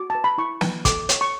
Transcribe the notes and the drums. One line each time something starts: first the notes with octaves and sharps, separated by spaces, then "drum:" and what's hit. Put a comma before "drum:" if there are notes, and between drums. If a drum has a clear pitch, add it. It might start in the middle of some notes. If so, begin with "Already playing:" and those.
Already playing: F#4 D6
B4 A5
B5
E4 C#6
B4, drum: snare
A4 D6, drum: kick, hi-hat
C#5, drum: hi-hat
C#6